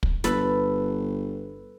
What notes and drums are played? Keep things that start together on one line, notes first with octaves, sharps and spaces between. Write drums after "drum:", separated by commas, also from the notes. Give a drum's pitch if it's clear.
drum: kick
G1 A4 B4, drum: snare